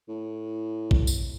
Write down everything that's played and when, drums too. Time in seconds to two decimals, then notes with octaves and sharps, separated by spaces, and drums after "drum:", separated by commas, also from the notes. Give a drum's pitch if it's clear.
0.09 A2
0.91 drum: kick
1.07 drum: tambourine